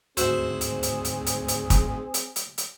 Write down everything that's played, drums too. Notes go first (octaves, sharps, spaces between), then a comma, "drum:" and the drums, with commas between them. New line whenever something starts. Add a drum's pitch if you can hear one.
D2 G#2 C4 F#4 G#4 C5 E5 F#5, drum: hi-hat
drum: hi-hat
drum: hi-hat
drum: hi-hat
drum: hi-hat
drum: hi-hat
drum: kick, hi-hat
drum: hi-hat
drum: hi-hat
drum: hi-hat